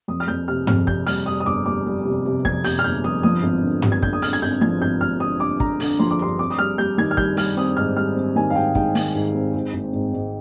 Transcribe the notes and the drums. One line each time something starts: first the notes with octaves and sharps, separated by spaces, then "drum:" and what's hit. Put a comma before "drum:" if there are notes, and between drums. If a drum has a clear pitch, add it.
F2 D#6
F6
F2 G6
C3 F6
F2 F6, drum: tom G2
C3 G6, drum: kick
G3 F6, drum: open hi-hat
G3 D#6
D#6
G1 D6, drum: hi-hat
G3 D6
G3
C3
C3
F2 G#6, drum: kick
C3 G6, drum: open hi-hat
F6
G1 G6
F2 D#6, drum: hi-hat
F3 D#6
G#1
D3
G2, drum: tom G2
G#6
D3 G6, drum: kick
D#6
D3 F6, drum: open hi-hat
G#6
G#1 G6
F3 G#6, drum: hi-hat
G#1 G6
G#1 F6
D3 D#6
G2 D6
D3 A#5, drum: kick
D3, drum: open hi-hat
F3 C6
D6
G2 C6, drum: hi-hat
C4 D6
D#6
G3 F6
G3 G6
D#3 G#6
F6
G3 G6, drum: kick
G3 F6, drum: open hi-hat
C4 D#6
G#2 F6, drum: hi-hat
G3 F6
C4
D#3 G#5
F5
G#2 G5
G#2 G5, drum: kick
D#3, drum: open hi-hat
G#2
C4
G#2
G#1
G#2
G#2